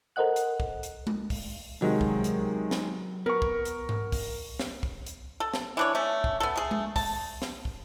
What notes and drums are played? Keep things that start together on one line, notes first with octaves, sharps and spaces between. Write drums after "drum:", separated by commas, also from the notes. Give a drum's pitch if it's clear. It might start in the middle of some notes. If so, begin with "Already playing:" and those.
A4 A#4 C5 D#5 F#5 F#6
drum: hi-hat
drum: kick
drum: hi-hat
drum: tom G#3
drum: kick, open hi-hat
C3 D#3 F#3 G#3
drum: kick
drum: hi-hat
drum: snare
B3 A#4 C#6
drum: kick
drum: hi-hat
drum: tom G#2
drum: kick, open hi-hat
drum: snare
drum: kick
drum: hi-hat
A4
drum: snare
E3 D4 C#5
A3 C#4
drum: kick
B3 A4
A3 G#4
drum: tom G#3
A5, drum: kick, open hi-hat
drum: snare
drum: kick